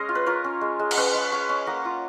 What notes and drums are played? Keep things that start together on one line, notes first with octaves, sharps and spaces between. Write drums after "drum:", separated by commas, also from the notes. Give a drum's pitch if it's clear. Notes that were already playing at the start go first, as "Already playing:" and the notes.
Already playing: G#3 C#4 C#5 D#5 F5
F4
B4
F4 A#4 C#5
C#4
G#3
G#3
F5, drum: cymbal
C#4 B4 D#5
G#3
C#4 C#5 F5
C#4
A#3 D#5 F#5
F4